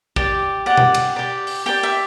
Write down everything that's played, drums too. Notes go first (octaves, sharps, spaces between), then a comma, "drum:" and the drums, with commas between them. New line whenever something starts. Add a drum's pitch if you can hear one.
G4 D5, drum: kick
G4 D5 F#5
drum: tom B2
drum: cymbal
G4 D5
drum: open hi-hat
G4 D5 G5
E5